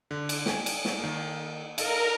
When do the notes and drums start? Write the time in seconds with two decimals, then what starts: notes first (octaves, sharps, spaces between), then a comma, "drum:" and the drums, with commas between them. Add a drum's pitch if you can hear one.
0.11 D3
0.29 drum: cymbal
0.46 G5 G#5, drum: snare
0.66 drum: cymbal
0.85 drum: snare
1.00 D#3 A#3
1.78 A4 A#4 D#5 F5, drum: cymbal